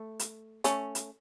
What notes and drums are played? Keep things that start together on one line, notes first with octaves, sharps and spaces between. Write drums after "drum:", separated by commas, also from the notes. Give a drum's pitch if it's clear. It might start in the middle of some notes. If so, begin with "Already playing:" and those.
Already playing: A3
drum: hi-hat
A3 C#4, drum: hi-hat
drum: hi-hat